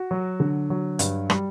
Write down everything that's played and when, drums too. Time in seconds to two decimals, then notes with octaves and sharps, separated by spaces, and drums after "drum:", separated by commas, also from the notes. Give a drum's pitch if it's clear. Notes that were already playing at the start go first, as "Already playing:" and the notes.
Already playing: F#4
0.11 F#3
0.40 D3
0.70 F#3
0.99 G2, drum: hi-hat
1.30 G3, drum: rim click